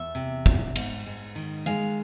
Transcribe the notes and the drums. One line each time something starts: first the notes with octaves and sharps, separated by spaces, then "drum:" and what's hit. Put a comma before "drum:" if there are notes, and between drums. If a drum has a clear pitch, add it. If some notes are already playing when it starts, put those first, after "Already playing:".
Already playing: E2 E5
C3
E2, drum: kick
G#2, drum: cymbal
G#2
D#3
G#3 F5